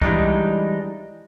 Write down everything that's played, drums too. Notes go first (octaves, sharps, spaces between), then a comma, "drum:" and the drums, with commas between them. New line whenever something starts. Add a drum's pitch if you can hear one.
E3 G3 G#3 D4 D#4, drum: kick C2